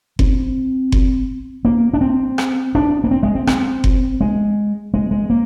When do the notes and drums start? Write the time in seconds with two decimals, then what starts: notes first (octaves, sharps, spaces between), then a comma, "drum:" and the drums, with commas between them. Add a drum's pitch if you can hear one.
0.19 C4, drum: kick F#1
0.92 drum: kick F#1
1.65 A#3
1.94 D4
2.01 C4
2.38 drum: rim click
2.75 D4
3.04 A#3
3.11 C4
3.23 G#3
3.35 C4
3.47 C4, drum: rim click
3.84 drum: kick F#1
4.21 G#3
4.94 G#3
5.11 G#3
5.30 A#3